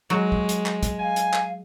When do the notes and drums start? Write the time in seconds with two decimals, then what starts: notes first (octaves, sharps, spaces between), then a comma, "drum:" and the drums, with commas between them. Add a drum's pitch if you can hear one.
0.10 F#3 G#3
0.32 drum: kick
0.49 drum: hi-hat
0.66 drum: clap
0.83 drum: kick, hi-hat
0.99 F5 G#5
1.16 drum: hi-hat
1.33 drum: clap